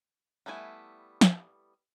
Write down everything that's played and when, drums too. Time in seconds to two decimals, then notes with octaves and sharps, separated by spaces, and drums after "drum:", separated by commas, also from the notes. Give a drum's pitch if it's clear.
0.46 G3 A3 B3 E4 G#5
1.21 drum: snare